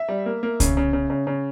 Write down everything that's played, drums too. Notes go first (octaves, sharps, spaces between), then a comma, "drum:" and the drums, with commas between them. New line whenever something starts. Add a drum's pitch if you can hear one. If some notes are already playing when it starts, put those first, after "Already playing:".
Already playing: E5
G3
A#3
A#3
C#3, drum: kick C2, hi-hat
C#3
C#3
C#3
C#3